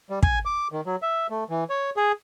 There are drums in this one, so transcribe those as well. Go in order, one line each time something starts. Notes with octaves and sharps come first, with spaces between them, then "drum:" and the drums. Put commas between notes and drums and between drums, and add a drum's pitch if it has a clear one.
G3
G#5, drum: kick
D6
D#3
F#3
E5
A3
E3
C#5
G#4